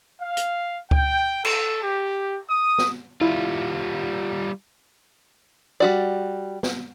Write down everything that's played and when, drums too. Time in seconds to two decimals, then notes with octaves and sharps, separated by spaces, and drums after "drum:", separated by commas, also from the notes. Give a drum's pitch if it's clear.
0.21 F5
0.37 drum: hi-hat
0.91 G5, drum: kick C#2
1.45 A4, drum: cymbal
1.82 G4
2.50 D#6
2.78 drum: snare
3.21 G3 E4 F4
5.80 G3 F#4 D5
6.63 drum: snare